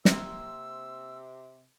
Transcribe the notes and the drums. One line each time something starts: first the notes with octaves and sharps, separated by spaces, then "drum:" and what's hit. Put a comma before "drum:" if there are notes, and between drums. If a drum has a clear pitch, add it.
C3 A#3 C4 E6, drum: snare